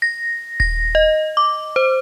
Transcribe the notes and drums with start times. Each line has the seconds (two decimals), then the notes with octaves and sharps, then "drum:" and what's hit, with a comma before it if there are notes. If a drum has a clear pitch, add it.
0.02 A#6
0.60 A#6, drum: kick D#1
0.95 D#5
1.37 D6
1.76 C5